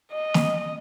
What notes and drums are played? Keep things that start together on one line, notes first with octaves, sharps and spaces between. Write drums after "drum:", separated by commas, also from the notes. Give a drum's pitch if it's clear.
D#5
drum: snare